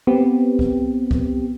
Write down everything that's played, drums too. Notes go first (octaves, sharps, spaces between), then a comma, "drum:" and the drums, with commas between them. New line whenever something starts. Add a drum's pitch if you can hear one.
B3 C4 G4
drum: kick C2
drum: kick C2